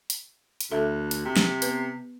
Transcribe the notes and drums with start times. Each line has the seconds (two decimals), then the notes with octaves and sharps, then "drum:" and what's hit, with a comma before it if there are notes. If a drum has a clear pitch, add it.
0.10 drum: hi-hat
0.61 drum: hi-hat
0.72 D2 A4 E5
1.11 drum: hi-hat
1.25 C3
1.37 drum: snare
1.62 B3 B4, drum: hi-hat